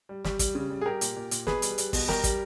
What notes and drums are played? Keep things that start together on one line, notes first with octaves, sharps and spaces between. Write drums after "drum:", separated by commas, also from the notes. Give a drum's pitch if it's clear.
G3
G3, drum: snare
G3, drum: kick, hi-hat
C#3
G3
G#4
G3 G4 A#4
A#2, drum: hi-hat
A#2
A#2, drum: hi-hat
B2 G#4 B4, drum: snare
G3, drum: hi-hat
G3, drum: hi-hat
B2, drum: kick, open hi-hat
G3 G4 A#4, drum: snare
G3, drum: kick, hi-hat